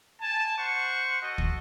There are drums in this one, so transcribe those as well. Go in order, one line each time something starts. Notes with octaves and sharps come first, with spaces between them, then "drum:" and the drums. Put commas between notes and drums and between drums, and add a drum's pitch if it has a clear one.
G#5 A5
C5 F#5 C#6
F#4 A4 D#5
drum: kick